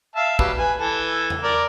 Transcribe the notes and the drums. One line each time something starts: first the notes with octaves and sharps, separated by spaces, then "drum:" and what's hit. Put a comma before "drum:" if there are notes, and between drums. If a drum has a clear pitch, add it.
E5 F5 A5
F#3 G3 B4, drum: kick
B4 G#5
E3 A4
drum: tom E2
A#4 D5